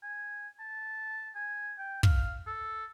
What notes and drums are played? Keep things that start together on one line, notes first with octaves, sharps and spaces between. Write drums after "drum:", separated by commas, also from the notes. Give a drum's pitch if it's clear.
G#5
A5
G#5
G5
F5, drum: kick
A4